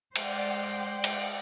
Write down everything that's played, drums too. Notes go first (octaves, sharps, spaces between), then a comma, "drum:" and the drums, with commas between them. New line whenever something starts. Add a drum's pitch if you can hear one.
G#3 C5 D5 F#5 G5, drum: cymbal
drum: cymbal